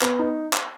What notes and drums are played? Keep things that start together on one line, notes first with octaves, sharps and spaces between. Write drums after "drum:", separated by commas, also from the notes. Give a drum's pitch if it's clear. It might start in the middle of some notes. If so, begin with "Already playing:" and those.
B3, drum: clap
D#4
drum: clap